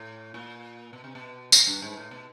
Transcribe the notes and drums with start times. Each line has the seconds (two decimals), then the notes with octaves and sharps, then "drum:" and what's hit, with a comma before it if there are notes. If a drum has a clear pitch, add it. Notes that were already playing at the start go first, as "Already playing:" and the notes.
Already playing: A2
0.34 A#2
0.93 B2
1.04 C3
1.15 B2
1.52 A#2, drum: tambourine
1.67 G2
1.82 G#2
1.97 A2
2.11 B2